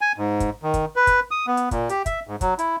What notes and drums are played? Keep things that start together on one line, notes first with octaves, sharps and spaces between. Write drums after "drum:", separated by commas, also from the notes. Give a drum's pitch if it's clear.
G#5
G#2
drum: kick, hi-hat
D#3
drum: kick, hi-hat
B4
drum: kick, hi-hat
D#6
B3
drum: hi-hat
A#2, drum: kick, hi-hat
G4, drum: hi-hat
E5, drum: kick, hi-hat
G#2
F#3, drum: kick, hi-hat
E4, drum: hi-hat